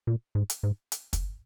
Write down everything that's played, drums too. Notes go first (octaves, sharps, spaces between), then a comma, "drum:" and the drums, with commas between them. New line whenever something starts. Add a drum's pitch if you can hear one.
A#2
G#2
drum: hi-hat
G#2
drum: hi-hat
drum: kick, hi-hat